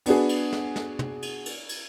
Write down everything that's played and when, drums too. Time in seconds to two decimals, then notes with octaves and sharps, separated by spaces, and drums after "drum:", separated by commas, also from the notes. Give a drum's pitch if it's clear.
0.06 B3 D4 F#4 G#4, drum: cymbal
0.29 drum: cymbal
0.52 drum: snare
0.76 drum: snare
0.99 drum: tom
1.22 drum: cymbal
1.46 drum: cymbal
1.69 drum: cymbal